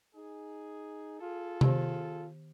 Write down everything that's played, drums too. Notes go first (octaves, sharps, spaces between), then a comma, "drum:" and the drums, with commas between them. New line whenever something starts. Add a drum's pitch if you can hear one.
D#4 G#4
F4 G#4 A4
D#3 B3 G4, drum: tom C3